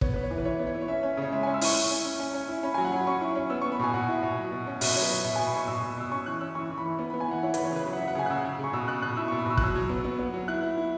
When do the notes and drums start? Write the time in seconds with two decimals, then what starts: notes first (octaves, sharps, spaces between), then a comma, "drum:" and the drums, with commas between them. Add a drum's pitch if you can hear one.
0.01 B3 C#5, drum: kick
0.14 B3 B4
0.23 C#5
0.31 E3
0.38 B4
0.45 E4 C#5
0.59 B3
0.67 C#5
0.74 E4
0.81 C#5
0.88 C#4 E5
1.03 C#4
1.17 C#3 C#5
1.32 G#3 E5
1.43 C#4 G#5
1.54 E6
1.61 E4 C#6, drum: open hi-hat
1.76 E4
1.91 C#4
2.05 C#4
2.20 C#4
2.34 C#4
2.48 E4
2.63 C#4 B5
2.74 F#3 G#5
2.85 F#5
2.92 F#3 B5
3.07 C#4 C#6
3.21 E4
3.35 C#4
3.50 B3 E6
3.62 B3 C#6
3.72 B5
3.79 B2 G#5
3.94 B2 F#5
4.08 E4
4.23 B2
4.37 F#3
4.52 B2
4.67 C#4
4.81 B2 E5, drum: open hi-hat
4.95 F#3 C#5
5.02 B4
5.10 F#3
5.25 B2 E5
5.36 B2 G#5
5.46 B5
5.54 B2 C#6
5.68 B2 E6
5.83 B2
5.98 B2 E6
6.12 C#4 C#6
6.26 E3 F#6
6.41 C#4 E6
6.55 E3 C#6
6.70 E3
6.77 B5
6.85 E3
6.99 B3
7.10 B3 B5
7.20 G#5
7.28 E3 F#5
7.43 E4 C#5
7.54 E3 B4, drum: hi-hat
7.65 C#5
7.72 C#3 B4
7.86 F#3
7.93 F#5
7.97 F#3 E5
8.08 F#5
8.15 C#3 G#5
8.26 F#6
8.30 C#3 E6
8.45 C#3
8.59 C#3 C#6
8.73 B2 E6
8.88 B2 F#6
9.02 B2 F#6
9.17 E4 E6
9.28 B2 C#6
9.39 B5
9.46 B2 E6
9.57 F#6, drum: kick
9.61 F#3 E6
9.76 F#3
9.89 B3
10.04 B3
10.18 B3
10.34 F#3
10.48 E4 F#6
10.62 E4
10.77 E4